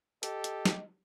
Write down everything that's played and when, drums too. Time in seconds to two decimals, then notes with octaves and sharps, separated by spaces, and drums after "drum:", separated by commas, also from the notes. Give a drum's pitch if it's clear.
0.23 G4 A4 D#5, drum: hi-hat
0.44 drum: hi-hat
0.66 drum: snare